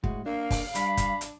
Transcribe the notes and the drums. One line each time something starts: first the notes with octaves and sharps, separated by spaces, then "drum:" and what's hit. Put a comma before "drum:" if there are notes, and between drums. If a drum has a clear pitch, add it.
A2 G#3 F#4, drum: kick
A#3 D4 F5
drum: kick, open hi-hat
G3 D4 B5, drum: hi-hat
drum: kick, hi-hat
drum: hi-hat